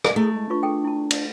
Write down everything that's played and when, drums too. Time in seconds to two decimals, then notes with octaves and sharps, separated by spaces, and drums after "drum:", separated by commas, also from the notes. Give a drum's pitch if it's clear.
0.04 drum: rim click
0.16 A3 E4 G#4
0.33 G#3
0.50 D4 F4 B4 C#6
0.63 G#4 A4 G5
0.84 E4 A5
1.11 drum: cymbal